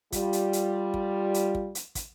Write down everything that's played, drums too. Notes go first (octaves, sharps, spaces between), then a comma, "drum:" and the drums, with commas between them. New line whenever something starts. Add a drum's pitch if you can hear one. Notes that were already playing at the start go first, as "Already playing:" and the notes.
G3 F4, drum: kick, hi-hat
drum: hi-hat
drum: hi-hat
drum: kick
drum: hi-hat
drum: kick
drum: hi-hat
drum: kick, hi-hat